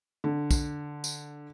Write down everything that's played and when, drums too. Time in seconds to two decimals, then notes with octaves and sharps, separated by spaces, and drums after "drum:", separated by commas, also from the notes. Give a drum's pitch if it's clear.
0.24 D3
0.51 drum: kick, tambourine
1.04 drum: tambourine